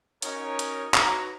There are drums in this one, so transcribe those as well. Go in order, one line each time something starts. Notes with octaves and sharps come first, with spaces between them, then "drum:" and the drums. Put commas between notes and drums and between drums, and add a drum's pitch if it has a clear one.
C#4 D#4 F#4 A#4 C#5 D#5, drum: hi-hat
drum: hi-hat
D#4 F#4 B4 C#5 A#5, drum: clap